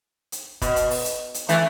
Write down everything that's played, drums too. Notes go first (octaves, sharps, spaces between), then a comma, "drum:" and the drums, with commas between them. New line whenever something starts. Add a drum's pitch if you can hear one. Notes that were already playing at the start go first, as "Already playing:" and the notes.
drum: hi-hat
B2, drum: kick, hi-hat
drum: hi-hat
drum: open hi-hat
drum: hi-hat
drum: hi-hat
E3 A3, drum: hi-hat